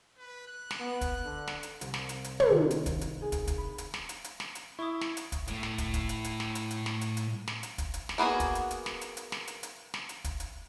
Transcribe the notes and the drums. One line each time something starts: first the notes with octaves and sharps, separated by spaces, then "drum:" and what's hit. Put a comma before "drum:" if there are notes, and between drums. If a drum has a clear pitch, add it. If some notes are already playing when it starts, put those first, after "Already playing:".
B4
F#6
drum: snare
B3
drum: kick, hi-hat
D3
drum: snare
drum: hi-hat
C2, drum: hi-hat
drum: snare
drum: hi-hat
drum: hi-hat
drum: tom
D#3
drum: hi-hat
drum: kick, hi-hat
drum: hi-hat
G#4
drum: kick, hi-hat
drum: kick, hi-hat
B5
drum: hi-hat
drum: snare
drum: hi-hat
drum: hi-hat
drum: snare
drum: hi-hat
E4 C#6 D#6
drum: snare
drum: hi-hat
drum: kick, hi-hat
A2 A3, drum: hi-hat
drum: snare
drum: kick, hi-hat
drum: kick, hi-hat
drum: hi-hat
drum: hi-hat
drum: snare
drum: hi-hat
drum: hi-hat
drum: snare
drum: hi-hat
drum: hi-hat
drum: snare
drum: hi-hat
drum: kick, hi-hat
drum: hi-hat
drum: snare
A#3 B3 F#4 G#4
drum: kick, hi-hat
drum: hi-hat
drum: hi-hat
drum: snare
drum: hi-hat
drum: hi-hat
drum: snare
drum: hi-hat
drum: hi-hat
drum: snare
drum: hi-hat
drum: kick, hi-hat
drum: hi-hat